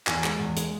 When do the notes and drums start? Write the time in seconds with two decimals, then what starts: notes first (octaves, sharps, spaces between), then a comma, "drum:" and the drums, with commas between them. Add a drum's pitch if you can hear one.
0.07 E2 G#5, drum: clap
0.24 G#3, drum: clap
0.39 E2
0.57 G#3, drum: hi-hat